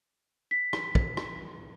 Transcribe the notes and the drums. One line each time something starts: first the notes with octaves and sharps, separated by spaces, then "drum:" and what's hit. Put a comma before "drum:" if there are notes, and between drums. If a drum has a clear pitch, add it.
B6
drum: rim click
drum: kick
drum: rim click